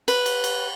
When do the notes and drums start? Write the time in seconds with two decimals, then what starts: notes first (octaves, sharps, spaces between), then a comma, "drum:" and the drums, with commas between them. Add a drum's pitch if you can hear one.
0.08 B4, drum: cymbal
0.26 drum: cymbal
0.44 drum: cymbal